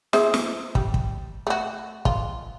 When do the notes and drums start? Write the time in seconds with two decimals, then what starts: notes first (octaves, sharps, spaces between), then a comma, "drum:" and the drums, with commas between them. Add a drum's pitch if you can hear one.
0.13 G#4 C5 E5, drum: snare
0.34 drum: snare
0.75 G3, drum: kick
0.94 drum: kick
1.47 A3 F#4
2.05 F4, drum: kick